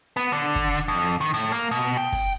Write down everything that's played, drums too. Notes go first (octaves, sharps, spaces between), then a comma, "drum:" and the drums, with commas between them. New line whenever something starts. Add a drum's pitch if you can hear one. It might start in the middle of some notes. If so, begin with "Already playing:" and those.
B3, drum: hi-hat
D3
drum: kick
drum: hi-hat
F2
D#3
A2, drum: hi-hat
A#3, drum: hi-hat
B2, drum: hi-hat
G5
drum: kick, open hi-hat